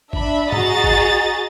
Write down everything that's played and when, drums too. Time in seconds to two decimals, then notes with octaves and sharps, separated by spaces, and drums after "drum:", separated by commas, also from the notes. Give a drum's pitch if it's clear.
0.13 D4 E5 B5, drum: kick A1
0.52 F#4 G#4 D#5 A#5 A6, drum: tom
0.84 drum: kick A1